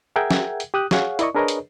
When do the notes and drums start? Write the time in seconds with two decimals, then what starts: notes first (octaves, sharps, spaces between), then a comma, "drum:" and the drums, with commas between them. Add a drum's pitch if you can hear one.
0.16 G#4 A#4 E5 F#5 G5 G#6
0.31 drum: snare
0.60 drum: hi-hat
0.74 G4 D#6 F#6
0.91 G#4 C#5 F5 F#5, drum: snare
1.19 E4 A#4 D5 D#5 C#6, drum: hi-hat
1.35 D4 G#4 A#4 B4 C#5 D#5
1.48 drum: hi-hat